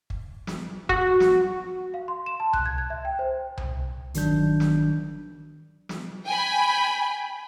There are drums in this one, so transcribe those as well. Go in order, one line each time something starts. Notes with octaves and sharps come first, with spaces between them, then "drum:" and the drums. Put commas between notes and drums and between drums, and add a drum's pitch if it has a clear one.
drum: kick
drum: snare
F#4, drum: kick
drum: snare
F5
C6
E7
A5
F#6, drum: tom C2
G#6
G#6
E5
G5
C5
drum: tom C2
G1 D#3 F#3 D4 G6, drum: hi-hat
drum: snare
drum: snare
G5 G#5 B5